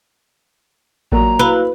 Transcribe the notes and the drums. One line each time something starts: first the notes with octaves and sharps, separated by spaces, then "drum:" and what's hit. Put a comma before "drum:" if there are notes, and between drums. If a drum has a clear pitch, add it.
A#2 F#3 A#3 A#5, drum: kick A1
E4 F#4 B4 F5